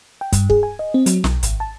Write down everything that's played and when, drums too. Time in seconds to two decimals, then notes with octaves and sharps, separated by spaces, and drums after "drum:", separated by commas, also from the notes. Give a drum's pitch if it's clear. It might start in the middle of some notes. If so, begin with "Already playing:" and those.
0.21 G5
0.33 G2, drum: kick, hi-hat
0.50 G#4, drum: kick
0.63 G#5
0.79 D#5
0.94 C4
1.06 F#3, drum: hi-hat
1.24 B1, drum: snare
1.43 G#1, drum: hi-hat
1.60 A5